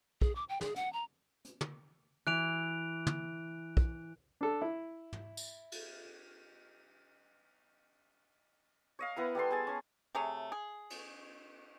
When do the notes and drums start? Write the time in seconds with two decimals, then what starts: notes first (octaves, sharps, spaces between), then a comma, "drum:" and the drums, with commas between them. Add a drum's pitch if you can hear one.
0.21 G#4, drum: kick
0.35 D6
0.49 G5
0.61 G#4, drum: snare
0.76 F#5, drum: hi-hat
0.93 A#5
1.45 drum: hi-hat
1.61 drum: tom
2.27 E3 F#6 D7 F7
3.07 drum: tom
3.77 drum: kick
4.41 D4 A4
4.62 E4
5.13 drum: tom
5.37 drum: tambourine
5.72 drum: cymbal
8.99 C#5 D#5 F5
9.16 B3 E4 A#4
9.35 G3 B3 A4 C6
9.51 G#4 G#5 A5
9.67 C#4 C#5
10.15 C3 A3 G#4 C#5
10.52 G#4
10.90 drum: cymbal